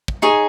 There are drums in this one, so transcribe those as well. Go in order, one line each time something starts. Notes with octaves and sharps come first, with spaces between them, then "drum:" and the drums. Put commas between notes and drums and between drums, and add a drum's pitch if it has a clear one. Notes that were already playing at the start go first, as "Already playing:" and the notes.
drum: kick
D#4 G#4 C#5